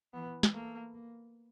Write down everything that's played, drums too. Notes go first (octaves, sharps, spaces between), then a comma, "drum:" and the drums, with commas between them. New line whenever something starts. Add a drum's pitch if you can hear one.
E3 B3
drum: snare
A3 A#3
A#3